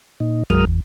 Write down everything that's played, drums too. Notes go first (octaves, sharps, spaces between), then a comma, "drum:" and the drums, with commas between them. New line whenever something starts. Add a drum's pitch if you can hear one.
A#2 D#4
F#2 F#3 G#3 A#4 D#6 F6, drum: tom
E2